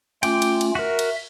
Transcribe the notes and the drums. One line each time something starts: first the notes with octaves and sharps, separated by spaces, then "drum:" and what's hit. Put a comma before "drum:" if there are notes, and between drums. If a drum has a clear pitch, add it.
A3 C#4 F4 G5 D6, drum: cymbal
drum: cymbal
drum: cymbal
F#4 A#4 E5
drum: cymbal